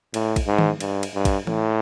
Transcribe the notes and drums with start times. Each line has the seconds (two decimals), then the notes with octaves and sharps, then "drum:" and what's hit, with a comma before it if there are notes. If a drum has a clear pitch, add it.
0.14 A2, drum: cymbal
0.36 drum: kick, cymbal
0.47 G#2
0.59 drum: tom D#3
0.80 G2, drum: cymbal
1.03 drum: cymbal
1.14 G2
1.25 drum: kick, cymbal
1.47 A2, drum: tom E3